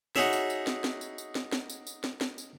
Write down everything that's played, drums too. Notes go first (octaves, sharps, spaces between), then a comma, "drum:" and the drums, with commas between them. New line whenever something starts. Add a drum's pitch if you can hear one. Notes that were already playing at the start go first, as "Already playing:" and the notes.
D#4 F#4 G#4 C#5 E5, drum: snare
drum: tambourine
drum: tambourine
drum: snare
drum: snare
drum: tambourine
drum: tambourine
drum: snare
drum: snare
drum: tambourine
drum: tambourine
drum: snare
drum: snare
drum: tambourine